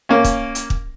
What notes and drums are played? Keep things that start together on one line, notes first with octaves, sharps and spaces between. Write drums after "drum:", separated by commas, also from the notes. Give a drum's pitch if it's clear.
A#3 C#4
drum: kick, hi-hat
drum: hi-hat
drum: kick